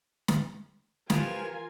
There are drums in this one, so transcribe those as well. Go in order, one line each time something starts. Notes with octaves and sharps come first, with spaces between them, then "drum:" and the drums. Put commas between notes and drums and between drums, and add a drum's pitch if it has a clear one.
drum: snare
E3 F3 F4 G4 A#4 G#5, drum: snare